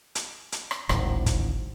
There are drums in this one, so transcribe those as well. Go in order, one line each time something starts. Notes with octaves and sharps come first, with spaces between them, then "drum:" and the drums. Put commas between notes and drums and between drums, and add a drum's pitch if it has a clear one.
drum: hi-hat
drum: hi-hat
drum: rim click
D1 G#1, drum: rim click
drum: kick, hi-hat